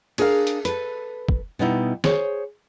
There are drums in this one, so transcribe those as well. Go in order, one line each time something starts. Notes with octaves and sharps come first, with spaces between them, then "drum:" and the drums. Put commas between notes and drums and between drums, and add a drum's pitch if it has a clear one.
D4 G#4 A#4 C#5 F5, drum: cymbal
drum: hi-hat
A4 B4, drum: hi-hat
drum: kick
B2 G3 B3 D#4 E4
G#4 C5 C#5, drum: snare